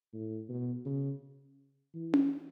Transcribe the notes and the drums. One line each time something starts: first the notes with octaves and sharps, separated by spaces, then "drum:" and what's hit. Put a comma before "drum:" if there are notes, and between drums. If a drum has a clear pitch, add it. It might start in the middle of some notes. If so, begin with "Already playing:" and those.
A2
B2
C#3
E3
drum: tom C#4